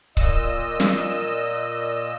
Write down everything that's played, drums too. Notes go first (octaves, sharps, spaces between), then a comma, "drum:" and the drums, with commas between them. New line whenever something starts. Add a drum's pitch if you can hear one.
A#2 D#5 E6, drum: kick C#1
drum: snare